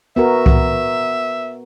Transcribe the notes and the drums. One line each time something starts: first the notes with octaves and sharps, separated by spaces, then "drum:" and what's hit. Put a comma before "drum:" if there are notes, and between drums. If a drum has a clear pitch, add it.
B3 F#4 A#4 E5
drum: kick C2